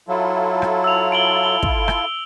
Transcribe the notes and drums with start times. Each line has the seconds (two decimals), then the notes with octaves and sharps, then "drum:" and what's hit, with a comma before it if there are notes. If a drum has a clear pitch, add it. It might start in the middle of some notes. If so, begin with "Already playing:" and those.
0.08 F#3 E4 F4 A4
0.62 drum: rim click
0.84 E6 F7
1.12 D7 F#7 G7
1.44 G7
1.63 drum: kick
1.88 drum: rim click